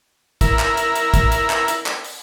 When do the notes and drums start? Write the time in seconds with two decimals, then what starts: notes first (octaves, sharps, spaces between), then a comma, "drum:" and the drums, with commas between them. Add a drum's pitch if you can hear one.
0.41 E4 A#4, drum: kick, hi-hat
0.59 drum: clap
0.77 drum: hi-hat
0.95 drum: hi-hat
1.14 drum: kick, hi-hat
1.32 drum: hi-hat
1.50 drum: clap
1.68 drum: hi-hat
1.86 drum: clap
2.04 drum: open hi-hat